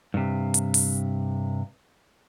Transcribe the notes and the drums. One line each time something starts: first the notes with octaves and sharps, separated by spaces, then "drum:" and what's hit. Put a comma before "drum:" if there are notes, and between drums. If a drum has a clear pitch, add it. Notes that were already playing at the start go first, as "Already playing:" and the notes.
G2 C3
drum: hi-hat
drum: open hi-hat